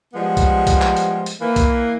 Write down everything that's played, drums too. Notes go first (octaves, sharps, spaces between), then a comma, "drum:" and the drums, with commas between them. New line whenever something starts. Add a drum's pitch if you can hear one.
F3 G3 G#3 B3
drum: kick B1, hi-hat
drum: kick B1, hi-hat
drum: clap
drum: hi-hat
drum: hi-hat
E3 A#3
drum: kick B1, hi-hat